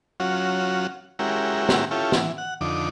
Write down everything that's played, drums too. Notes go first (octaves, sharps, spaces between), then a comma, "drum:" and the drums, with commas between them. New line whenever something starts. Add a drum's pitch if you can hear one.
F#3 C#4 F4 F#4
G#3 C#4 E4 F#4 G4 A#4
drum: snare
C#4 E4 F4 G4 A4
E3, drum: snare
F#5
F2 D3 D#4 D6